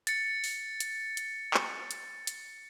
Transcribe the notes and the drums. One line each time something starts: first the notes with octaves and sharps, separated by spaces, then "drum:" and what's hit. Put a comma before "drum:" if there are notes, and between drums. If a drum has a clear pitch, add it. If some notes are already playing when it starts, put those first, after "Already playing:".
A6 C#7, drum: hi-hat
drum: open hi-hat
drum: hi-hat
drum: hi-hat
drum: clap
drum: hi-hat
drum: hi-hat